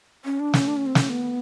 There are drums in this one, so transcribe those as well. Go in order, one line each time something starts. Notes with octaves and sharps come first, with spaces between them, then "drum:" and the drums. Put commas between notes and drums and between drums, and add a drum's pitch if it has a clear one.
C#4
D4
C#4, drum: snare
D4
C#4
C4
C#4, drum: snare
B3